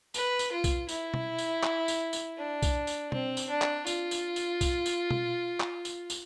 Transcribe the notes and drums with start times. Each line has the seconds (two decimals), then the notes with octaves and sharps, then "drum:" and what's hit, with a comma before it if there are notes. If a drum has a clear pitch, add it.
0.14 B4, drum: tambourine
0.39 drum: tambourine
0.52 F4
0.64 drum: kick B1, tambourine
0.89 E4, drum: tambourine
1.14 drum: tom B2
1.38 drum: tambourine
1.63 drum: clap
1.88 drum: tambourine
2.13 drum: tambourine
2.37 D4
2.62 drum: kick B1, tambourine
2.87 drum: tambourine
3.12 C4, drum: tom B2
3.37 drum: tambourine
3.49 D4
3.62 drum: clap
3.87 F4, drum: tambourine
4.11 drum: tambourine
4.36 drum: tambourine
4.61 drum: kick B1, tambourine
4.86 drum: tambourine
5.11 drum: tom B2
5.60 drum: clap
5.85 drum: tambourine
6.10 drum: tambourine